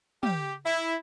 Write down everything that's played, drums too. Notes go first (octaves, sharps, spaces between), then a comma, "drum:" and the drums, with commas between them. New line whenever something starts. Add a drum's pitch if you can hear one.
G4, drum: tom
E4